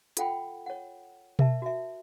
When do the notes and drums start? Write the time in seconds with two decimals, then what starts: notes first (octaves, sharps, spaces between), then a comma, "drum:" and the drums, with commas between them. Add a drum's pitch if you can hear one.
0.17 F4 A4 F#5 G5 B5, drum: hi-hat
0.66 C#5 F#5
1.39 A#4 E5 A5, drum: tom B2
1.62 F#4 E5